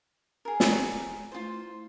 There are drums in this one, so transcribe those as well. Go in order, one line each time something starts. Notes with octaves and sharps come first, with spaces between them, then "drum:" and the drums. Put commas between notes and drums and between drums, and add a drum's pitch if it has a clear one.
G#4 A#4
drum: snare
A3 E4 F4 C5